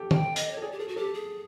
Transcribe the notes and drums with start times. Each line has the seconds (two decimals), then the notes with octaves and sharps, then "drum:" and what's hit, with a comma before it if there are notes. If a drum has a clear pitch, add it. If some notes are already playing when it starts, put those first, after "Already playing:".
Already playing: G4 A4
0.11 G5, drum: tom
0.36 D#5, drum: hi-hat
0.51 C#5
0.57 A4
0.62 G#4 D5
0.72 G4
0.79 G#4 A4
0.88 F#4
0.96 G4 A4
1.14 G#4